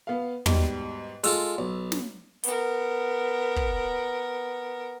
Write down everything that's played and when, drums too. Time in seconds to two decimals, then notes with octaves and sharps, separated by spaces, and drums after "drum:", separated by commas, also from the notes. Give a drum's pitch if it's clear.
0.07 B3 F5
0.46 G#2 B2 G3, drum: tom
1.24 G#3 F4 A4 E6, drum: open hi-hat
1.58 B1
1.92 drum: snare
2.43 B3 A#4, drum: hi-hat
3.56 drum: kick